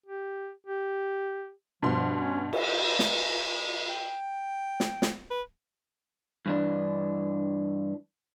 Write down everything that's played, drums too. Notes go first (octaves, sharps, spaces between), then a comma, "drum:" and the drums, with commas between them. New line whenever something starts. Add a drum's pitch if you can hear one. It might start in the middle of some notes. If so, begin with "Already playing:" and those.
G4
G4
G2 B2 F3 C6
C#4
drum: cymbal
drum: snare
G5
drum: snare
drum: snare
B4
G2 E3 D4